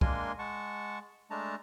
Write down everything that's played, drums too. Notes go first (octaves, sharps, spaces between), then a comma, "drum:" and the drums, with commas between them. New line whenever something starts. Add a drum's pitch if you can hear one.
G#3 A#3 D4 A#4 G#5 C6, drum: kick C2
G#3 F#5 A5 C#6
G#3 A3 D4 A5 A#5